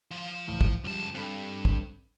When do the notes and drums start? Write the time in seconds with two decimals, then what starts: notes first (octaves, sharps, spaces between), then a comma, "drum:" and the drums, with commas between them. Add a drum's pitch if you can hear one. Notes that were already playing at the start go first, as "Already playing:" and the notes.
0.11 F3 F4
0.48 C#2 A2 E3
0.61 drum: kick
0.84 C#2 F#2 F3 G3 A5
1.15 G2 C4 A4 B5
1.65 drum: kick